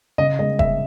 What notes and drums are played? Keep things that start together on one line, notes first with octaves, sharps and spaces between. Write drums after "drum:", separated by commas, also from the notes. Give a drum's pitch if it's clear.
C#3 D#5
G#3 D#5
C#3 E5, drum: kick F1